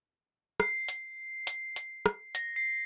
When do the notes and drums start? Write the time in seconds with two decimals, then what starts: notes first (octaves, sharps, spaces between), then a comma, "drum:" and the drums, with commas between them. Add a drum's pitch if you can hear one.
0.60 C7, drum: rim click
0.88 drum: hi-hat
1.47 drum: hi-hat
1.76 drum: hi-hat
2.06 drum: rim click
2.35 A#6, drum: hi-hat
2.56 C7